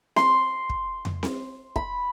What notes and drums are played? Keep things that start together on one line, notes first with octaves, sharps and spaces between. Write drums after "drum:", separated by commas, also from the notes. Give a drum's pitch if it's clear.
C6, drum: snare C4
drum: kick
drum: tom F2
drum: snare C4
B5, drum: kick